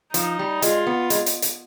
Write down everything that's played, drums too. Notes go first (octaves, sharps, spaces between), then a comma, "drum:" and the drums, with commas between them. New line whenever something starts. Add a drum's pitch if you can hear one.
F3 D#4, drum: hi-hat
G3
G#3 F4, drum: hi-hat
B3
G#3, drum: hi-hat
drum: hi-hat
drum: hi-hat